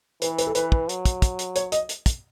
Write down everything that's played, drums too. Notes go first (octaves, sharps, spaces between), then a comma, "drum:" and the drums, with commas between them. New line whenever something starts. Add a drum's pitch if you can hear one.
E3 B4, drum: hi-hat
B4, drum: hi-hat
A4
E3 B4, drum: hi-hat
drum: kick
F#3, drum: hi-hat
drum: kick, hi-hat
drum: kick, hi-hat
drum: hi-hat
C#5, drum: hi-hat
D#5, drum: hi-hat
drum: hi-hat
drum: kick, hi-hat